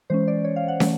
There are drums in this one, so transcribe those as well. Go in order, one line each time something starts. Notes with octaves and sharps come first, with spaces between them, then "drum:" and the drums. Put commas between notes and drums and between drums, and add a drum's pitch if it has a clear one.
E3 G#3 C#4 C5
D5
C#5
F5
F#5
E3 A3, drum: snare